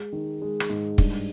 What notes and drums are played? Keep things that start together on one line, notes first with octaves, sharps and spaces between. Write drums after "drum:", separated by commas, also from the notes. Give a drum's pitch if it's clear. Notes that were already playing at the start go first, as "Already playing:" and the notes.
Already playing: G#3
D#3
G#3
drum: rim click
G#2
G2, drum: kick